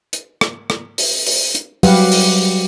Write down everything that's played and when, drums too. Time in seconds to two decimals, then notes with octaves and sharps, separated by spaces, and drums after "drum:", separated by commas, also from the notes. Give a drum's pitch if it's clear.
0.13 drum: hi-hat
0.41 drum: rim click
0.70 drum: rim click
0.98 drum: open hi-hat
1.26 drum: open hi-hat
1.55 drum: hi-hat
1.83 F#3 G3 G4 B4 F5 F#5, drum: open hi-hat
2.12 drum: open hi-hat